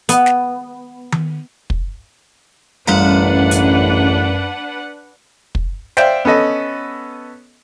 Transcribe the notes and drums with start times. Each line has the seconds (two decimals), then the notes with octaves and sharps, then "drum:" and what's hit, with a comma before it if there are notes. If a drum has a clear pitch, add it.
0.09 B3, drum: hi-hat
0.26 drum: snare
1.12 drum: tom D#3
1.70 drum: kick
2.87 A1 F#2 G3 D4 B4 F5 F#5 A#5, drum: snare
3.51 drum: hi-hat
5.55 drum: kick
5.97 C5 D5 E5 F5 G5, drum: snare
6.25 B3 C#4 A4 D#5